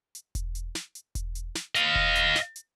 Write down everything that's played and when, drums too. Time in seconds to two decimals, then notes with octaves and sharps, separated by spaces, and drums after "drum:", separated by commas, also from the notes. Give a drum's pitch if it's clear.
0.15 drum: hi-hat
0.35 drum: kick E1, hi-hat
0.55 drum: hi-hat
0.75 drum: snare
0.95 drum: hi-hat
1.15 drum: kick E1, hi-hat
1.35 drum: hi-hat
1.55 drum: snare
1.75 D#5 F5, drum: hi-hat
1.95 drum: kick E1
2.15 drum: hi-hat
2.36 drum: snare
2.56 drum: hi-hat